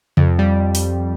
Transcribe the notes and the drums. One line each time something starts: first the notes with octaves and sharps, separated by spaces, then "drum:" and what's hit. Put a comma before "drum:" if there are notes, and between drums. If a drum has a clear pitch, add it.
F2, drum: tom C3
G3
drum: open hi-hat